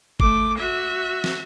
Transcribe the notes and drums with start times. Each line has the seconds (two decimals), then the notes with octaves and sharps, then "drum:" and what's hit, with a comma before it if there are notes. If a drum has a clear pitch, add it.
0.20 A3 D6, drum: kick G1
0.58 F#4 E5
1.24 drum: snare